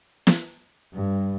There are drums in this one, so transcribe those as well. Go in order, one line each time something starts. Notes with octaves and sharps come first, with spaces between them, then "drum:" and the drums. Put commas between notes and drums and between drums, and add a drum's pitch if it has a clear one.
drum: snare
G2